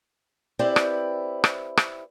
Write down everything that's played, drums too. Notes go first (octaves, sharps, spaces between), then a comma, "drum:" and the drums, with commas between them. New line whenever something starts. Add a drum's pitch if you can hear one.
C4 E4 G4 B4 C5 D5
drum: rim click
drum: rim click
drum: rim click